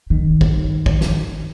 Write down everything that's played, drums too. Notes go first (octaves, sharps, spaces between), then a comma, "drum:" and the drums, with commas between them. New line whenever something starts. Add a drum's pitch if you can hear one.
D#3
drum: kick
drum: kick
drum: snare